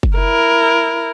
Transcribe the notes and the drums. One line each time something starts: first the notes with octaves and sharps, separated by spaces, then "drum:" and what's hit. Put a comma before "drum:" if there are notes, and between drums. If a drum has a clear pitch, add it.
drum: kick F#1
E4 A#4